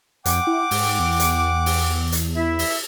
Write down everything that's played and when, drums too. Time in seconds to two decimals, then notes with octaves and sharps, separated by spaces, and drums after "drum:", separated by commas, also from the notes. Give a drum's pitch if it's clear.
0.25 F2 F#5 G5 D6, drum: hi-hat
0.47 E4
0.71 G#2, drum: open hi-hat
0.99 E2
1.20 drum: hi-hat
1.66 drum: open hi-hat
2.12 drum: hi-hat
2.36 E4 E5
2.59 drum: open hi-hat